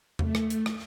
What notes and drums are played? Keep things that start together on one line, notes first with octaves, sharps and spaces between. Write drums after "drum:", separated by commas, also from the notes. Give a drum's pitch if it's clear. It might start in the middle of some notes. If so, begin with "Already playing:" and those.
A3, drum: tom E2
drum: rim click
drum: hi-hat
drum: rim click